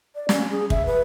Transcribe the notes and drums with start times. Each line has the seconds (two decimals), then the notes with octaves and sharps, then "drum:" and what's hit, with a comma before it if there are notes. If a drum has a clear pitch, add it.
0.15 D5
0.29 C#4, drum: snare
0.51 G#4
0.70 E5, drum: kick
0.86 B4